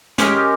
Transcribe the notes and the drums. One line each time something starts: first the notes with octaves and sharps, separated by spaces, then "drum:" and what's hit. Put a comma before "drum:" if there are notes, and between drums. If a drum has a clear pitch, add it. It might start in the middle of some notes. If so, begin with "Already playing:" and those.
G#3 C#4 G4 A#4, drum: snare